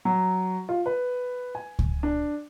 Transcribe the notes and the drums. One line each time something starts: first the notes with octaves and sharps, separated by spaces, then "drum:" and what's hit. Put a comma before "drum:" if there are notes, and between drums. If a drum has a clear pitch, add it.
F#3
F4
B4
G#5
drum: kick C#2
D4